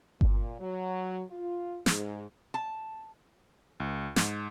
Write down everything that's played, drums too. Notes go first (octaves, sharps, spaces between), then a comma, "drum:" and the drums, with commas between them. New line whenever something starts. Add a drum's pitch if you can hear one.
A#2, drum: kick G1
F#3
F4
G#2, drum: snare
A5
C#2
G#2, drum: snare